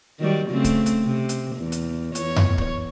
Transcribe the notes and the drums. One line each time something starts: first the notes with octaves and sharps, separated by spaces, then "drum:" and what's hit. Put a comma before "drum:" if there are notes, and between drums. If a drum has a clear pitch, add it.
D#3 F#3 G3
C#3 A3 C4
drum: kick C#1, hi-hat
drum: hi-hat
C3
drum: hi-hat
E2
drum: hi-hat
E2 C#5, drum: hi-hat
drum: tom F2
drum: kick C#1